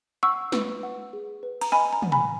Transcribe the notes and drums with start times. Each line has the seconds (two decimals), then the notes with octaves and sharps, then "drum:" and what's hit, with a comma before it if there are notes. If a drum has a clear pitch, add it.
0.23 F#5 C#6 E6
0.52 B4, drum: snare
0.83 F#5
1.13 G#4
1.43 B4
1.61 A#5, drum: cymbal
1.72 D#5 G#5 B5
1.93 A#5
2.02 F#5, drum: tom
2.12 G#5 B5